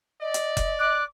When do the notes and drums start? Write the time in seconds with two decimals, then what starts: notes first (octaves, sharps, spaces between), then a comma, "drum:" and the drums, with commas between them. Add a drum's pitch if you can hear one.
0.21 D5 D#5
0.34 drum: hi-hat
0.57 drum: kick F1, hi-hat
0.79 D6 F#6